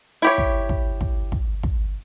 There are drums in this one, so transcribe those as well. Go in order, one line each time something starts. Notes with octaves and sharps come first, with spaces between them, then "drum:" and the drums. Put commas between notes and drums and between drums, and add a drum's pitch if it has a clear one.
E4 G4 C#5
drum: kick
drum: kick
drum: kick
drum: kick
drum: kick